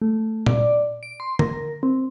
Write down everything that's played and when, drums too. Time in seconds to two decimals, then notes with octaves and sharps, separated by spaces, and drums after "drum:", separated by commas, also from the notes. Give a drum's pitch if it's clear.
0.02 A3
0.46 D5, drum: tom A#2
1.03 D7
1.20 C6
1.39 A#4, drum: tom D3
1.83 C4